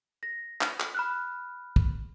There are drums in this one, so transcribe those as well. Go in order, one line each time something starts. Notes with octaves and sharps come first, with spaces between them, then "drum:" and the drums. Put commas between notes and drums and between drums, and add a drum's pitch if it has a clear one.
A#6
drum: clap
drum: clap
B5 F6 F#6
drum: kick